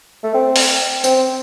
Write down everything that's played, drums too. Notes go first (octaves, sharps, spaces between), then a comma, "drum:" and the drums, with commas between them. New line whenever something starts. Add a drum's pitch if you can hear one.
A3
C4
drum: open hi-hat
C4, drum: tambourine